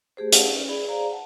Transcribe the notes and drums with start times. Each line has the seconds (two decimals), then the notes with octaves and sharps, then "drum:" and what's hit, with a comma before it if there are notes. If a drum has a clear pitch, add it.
0.17 A3 G4 G#4 C5
0.33 C#4 G4 G#4 F5 F#5 A5, drum: hi-hat
0.51 C#4
0.69 G#4 D5 B5
0.89 G#4 C5 D5 F5 A#5
1.11 F#5 A5